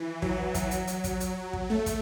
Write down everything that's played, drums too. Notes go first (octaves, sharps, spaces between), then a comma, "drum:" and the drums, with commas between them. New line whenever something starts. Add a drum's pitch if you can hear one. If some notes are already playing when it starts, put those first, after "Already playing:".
Already playing: E3
F#3, drum: kick
drum: kick, hi-hat
drum: hi-hat
drum: hi-hat
drum: kick, hi-hat
drum: hi-hat
drum: kick
A3
drum: kick, hi-hat